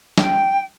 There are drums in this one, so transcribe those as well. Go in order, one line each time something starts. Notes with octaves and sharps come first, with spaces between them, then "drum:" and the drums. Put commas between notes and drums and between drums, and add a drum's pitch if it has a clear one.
G5, drum: snare